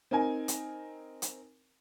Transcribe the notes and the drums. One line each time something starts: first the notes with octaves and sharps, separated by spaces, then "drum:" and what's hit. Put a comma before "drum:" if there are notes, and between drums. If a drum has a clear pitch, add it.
C4 D#4 A#4 G#5
drum: hi-hat
drum: hi-hat